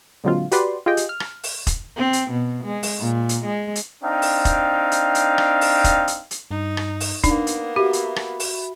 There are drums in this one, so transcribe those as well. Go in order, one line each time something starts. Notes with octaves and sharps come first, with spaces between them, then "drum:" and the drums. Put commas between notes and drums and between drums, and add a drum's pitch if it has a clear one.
A#2 D3 F#3 G#3 C4 F4
F#4 G4 B4 D5 C6, drum: hi-hat
F4 G4 G#4 D#5 G5
drum: hi-hat
F6
drum: rim click
drum: open hi-hat
drum: kick, hi-hat
C4
drum: hi-hat
B2
G#3
drum: open hi-hat
A#2
drum: hi-hat
G#3
drum: hi-hat
C4 D4 D#4 F5 G5
drum: open hi-hat
drum: kick, hi-hat
drum: hi-hat
drum: hi-hat
drum: rim click
drum: open hi-hat
drum: kick, hi-hat
drum: hi-hat
drum: hi-hat
G2 D#4
drum: rim click
drum: open hi-hat
A#3 B3 D4 D#4, drum: kick, hi-hat
drum: hi-hat
F#4 G4 E5 B5
drum: hi-hat
drum: rim click
drum: open hi-hat